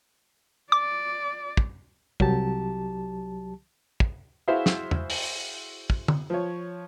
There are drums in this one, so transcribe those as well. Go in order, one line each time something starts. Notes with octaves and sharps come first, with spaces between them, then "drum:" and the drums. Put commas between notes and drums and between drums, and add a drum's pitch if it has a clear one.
D5 D6
drum: kick
C2 F#3 G4 A5, drum: kick
drum: kick
E4 F#4 G#4 C5 E5 F5
drum: snare
drum: tom
drum: open hi-hat
drum: kick
drum: tom
F3 C#5